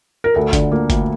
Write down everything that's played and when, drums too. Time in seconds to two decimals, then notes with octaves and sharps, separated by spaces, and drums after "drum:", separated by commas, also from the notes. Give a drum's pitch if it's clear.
0.24 A#4
0.34 D2 A4
0.53 D3, drum: kick G1, hi-hat
0.72 A#3
0.90 D2, drum: kick G1, hi-hat